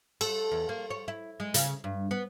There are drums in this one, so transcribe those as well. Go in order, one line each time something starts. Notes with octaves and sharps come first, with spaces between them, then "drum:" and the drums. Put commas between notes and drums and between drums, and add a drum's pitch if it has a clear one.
A4, drum: cymbal
E2
A#3
C#5
E4
G#3
C#3, drum: hi-hat
G2
B3